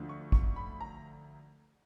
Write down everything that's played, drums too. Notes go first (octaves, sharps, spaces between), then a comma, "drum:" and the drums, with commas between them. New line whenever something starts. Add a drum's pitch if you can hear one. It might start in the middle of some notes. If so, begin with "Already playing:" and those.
Already playing: D2 D3 F3
C#6
C#6, drum: kick
B5
A#5